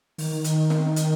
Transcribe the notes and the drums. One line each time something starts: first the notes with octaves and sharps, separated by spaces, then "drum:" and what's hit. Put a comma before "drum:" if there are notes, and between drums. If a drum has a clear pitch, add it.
D#3, drum: open hi-hat
drum: hi-hat
drum: snare
drum: hi-hat